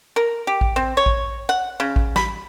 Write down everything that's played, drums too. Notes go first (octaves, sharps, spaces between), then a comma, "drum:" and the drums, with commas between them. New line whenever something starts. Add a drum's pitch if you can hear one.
A#4
G4
drum: kick A1
C4
C#5
drum: kick A1
F#5
C#3
drum: kick A1
B5, drum: snare